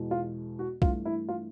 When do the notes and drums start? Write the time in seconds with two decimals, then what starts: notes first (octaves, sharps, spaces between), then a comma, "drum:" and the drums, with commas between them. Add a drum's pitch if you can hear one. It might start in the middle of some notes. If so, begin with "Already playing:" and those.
Already playing: E2 B2 G#3
0.11 F4
0.59 F#4
0.82 G2 E3 A3 F4, drum: kick B1
1.05 E4
1.29 F4